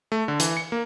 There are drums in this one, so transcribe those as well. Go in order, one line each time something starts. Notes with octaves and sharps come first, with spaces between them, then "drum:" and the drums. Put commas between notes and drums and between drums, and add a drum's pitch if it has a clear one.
A3
D3
E3, drum: hi-hat
C#7
A#3